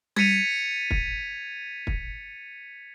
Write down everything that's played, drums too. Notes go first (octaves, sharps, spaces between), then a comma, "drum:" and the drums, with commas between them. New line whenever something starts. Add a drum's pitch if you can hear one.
G#6 A6 B6 C#7 D#7 F7, drum: tom G3
drum: kick
drum: kick